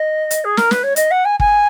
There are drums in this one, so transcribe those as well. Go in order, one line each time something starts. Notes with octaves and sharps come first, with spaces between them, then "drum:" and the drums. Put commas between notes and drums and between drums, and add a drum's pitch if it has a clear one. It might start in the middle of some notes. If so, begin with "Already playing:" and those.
Already playing: D#5
drum: hi-hat
G#4
A#4, drum: snare
B4, drum: snare
C#5
D#5, drum: hi-hat
F#5
G#5
G#5, drum: kick